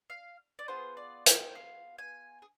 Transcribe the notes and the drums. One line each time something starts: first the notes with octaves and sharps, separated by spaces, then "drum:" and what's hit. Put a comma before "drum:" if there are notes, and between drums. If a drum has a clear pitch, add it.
F5
D5
B3 F4 G#4 C5
D5
G5, drum: hi-hat
F5
G#5
G#4